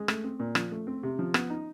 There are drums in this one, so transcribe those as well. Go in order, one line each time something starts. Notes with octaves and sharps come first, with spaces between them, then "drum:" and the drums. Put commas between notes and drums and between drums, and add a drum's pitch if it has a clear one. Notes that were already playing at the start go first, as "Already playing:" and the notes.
Already playing: G#3
A3, drum: rim click
C4
A#2
F3, drum: rim click
A3
C4
C3
F3
B3, drum: rim click
D#4